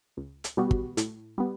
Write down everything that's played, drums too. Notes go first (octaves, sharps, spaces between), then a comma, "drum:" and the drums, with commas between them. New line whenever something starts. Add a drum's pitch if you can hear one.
C#2
drum: hi-hat
B2 G3 B3 F#4
drum: kick
A2, drum: hi-hat
G3 B3